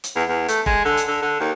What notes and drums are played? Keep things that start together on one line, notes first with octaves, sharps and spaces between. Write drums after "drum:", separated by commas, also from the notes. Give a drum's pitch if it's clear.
drum: hi-hat
E2
E2
A3, drum: hi-hat
G#3, drum: kick F1
D3
drum: hi-hat
D3
D3
D#2